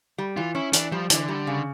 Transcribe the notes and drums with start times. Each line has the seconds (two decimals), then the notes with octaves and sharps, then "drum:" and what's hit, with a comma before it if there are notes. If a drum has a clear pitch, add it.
0.18 G3
0.37 E3 F4
0.55 C#4 E4
0.73 E3 D4, drum: hi-hat
0.92 F3 G3
1.10 D3 E3, drum: hi-hat
1.28 G3
1.47 C#3